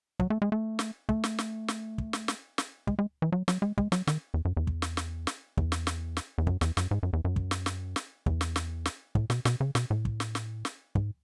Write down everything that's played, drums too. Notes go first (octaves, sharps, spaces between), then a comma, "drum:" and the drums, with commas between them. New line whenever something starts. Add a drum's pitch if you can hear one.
F#3, drum: kick
A3
G#3
A3
drum: snare
A3, drum: kick
drum: snare
drum: snare
drum: snare
drum: kick
drum: snare
drum: snare
drum: snare
G#3, drum: kick
G#3
E3
F#3
F#3, drum: snare
G#3
G#3, drum: kick
F#3, drum: snare
D#3, drum: snare
E2
F#2
E2
drum: kick
drum: snare
drum: snare
drum: snare
E2, drum: kick
drum: snare
drum: snare
drum: snare
E2
F#2, drum: kick
E2, drum: snare
F#2, drum: snare
G#2
F#2
E2
F#2
drum: kick
drum: snare
drum: snare
drum: snare
E2, drum: kick
drum: snare
drum: snare
drum: snare
A2, drum: kick
B2, drum: snare
B2, drum: snare
C#3
B2, drum: snare
A2
drum: kick
drum: snare
drum: snare
drum: snare
G#2, drum: kick